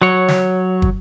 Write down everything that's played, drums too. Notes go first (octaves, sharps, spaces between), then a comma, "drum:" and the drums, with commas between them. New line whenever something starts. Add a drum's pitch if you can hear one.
F#3 C#5
drum: snare
drum: kick